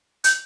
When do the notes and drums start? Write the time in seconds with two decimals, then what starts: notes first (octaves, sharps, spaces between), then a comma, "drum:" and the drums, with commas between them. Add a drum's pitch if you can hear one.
0.24 G6, drum: hi-hat